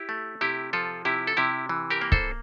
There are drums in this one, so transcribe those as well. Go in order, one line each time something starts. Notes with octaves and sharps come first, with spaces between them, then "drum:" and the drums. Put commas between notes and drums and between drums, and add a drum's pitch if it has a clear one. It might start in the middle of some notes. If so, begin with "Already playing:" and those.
Already playing: E4 G4
A3
C3 E4 G4
F3 F4 A4
C3 E4 G4
A4
C3 E4 G4
E3
G4 A#4
A#3
A4 C5, drum: kick C#1